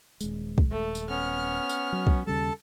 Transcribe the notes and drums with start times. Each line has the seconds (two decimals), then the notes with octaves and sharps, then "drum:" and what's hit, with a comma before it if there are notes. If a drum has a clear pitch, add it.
0.21 D#1 G#3, drum: tambourine
0.58 drum: kick
0.71 A3
0.95 drum: tambourine
1.09 B3 C#4 F6
1.69 drum: tambourine
1.93 F#3
2.07 drum: kick
2.27 D#2 C#3 G3 A4 A5